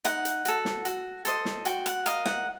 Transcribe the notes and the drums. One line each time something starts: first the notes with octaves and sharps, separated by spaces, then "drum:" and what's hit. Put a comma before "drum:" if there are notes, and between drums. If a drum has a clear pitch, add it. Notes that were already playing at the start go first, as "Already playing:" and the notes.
D#4 F#5, drum: hi-hat
drum: hi-hat
F#4 A4, drum: hi-hat
drum: snare
F#4, drum: hi-hat
A4 C5 D#5, drum: hi-hat
drum: snare
F#4 G5, drum: hi-hat
F#5, drum: hi-hat
A#4 D#5 F5, drum: hi-hat
F#5, drum: snare